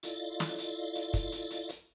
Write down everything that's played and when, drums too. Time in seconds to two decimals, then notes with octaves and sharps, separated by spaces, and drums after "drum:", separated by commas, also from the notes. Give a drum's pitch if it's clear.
0.03 E4 F4 A4 D5 D#5 F5, drum: hi-hat
0.40 drum: snare
0.58 drum: hi-hat
0.95 drum: hi-hat
1.14 drum: kick, hi-hat
1.32 drum: hi-hat
1.50 drum: hi-hat
1.69 drum: hi-hat